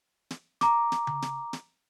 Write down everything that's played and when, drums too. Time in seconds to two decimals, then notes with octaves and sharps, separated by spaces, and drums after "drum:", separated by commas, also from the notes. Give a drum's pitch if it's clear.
0.31 drum: snare
0.61 A#5 D6, drum: snare
0.92 drum: snare
1.07 drum: tom C#3
1.22 drum: snare
1.53 drum: snare